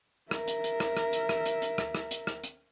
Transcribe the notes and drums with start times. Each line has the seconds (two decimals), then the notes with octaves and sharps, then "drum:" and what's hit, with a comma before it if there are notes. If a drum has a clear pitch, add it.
0.31 A#4 E5, drum: rim click
0.48 drum: hi-hat
0.64 drum: hi-hat
0.80 drum: rim click
0.97 drum: rim click
1.13 drum: hi-hat
1.29 drum: rim click
1.46 drum: hi-hat
1.62 drum: hi-hat
1.78 drum: rim click
1.95 drum: rim click
2.11 drum: hi-hat
2.27 drum: rim click
2.44 drum: hi-hat